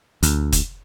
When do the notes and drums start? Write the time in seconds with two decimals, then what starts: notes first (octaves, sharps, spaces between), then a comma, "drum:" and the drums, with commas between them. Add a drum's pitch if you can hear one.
0.23 D2, drum: hi-hat
0.52 drum: kick, hi-hat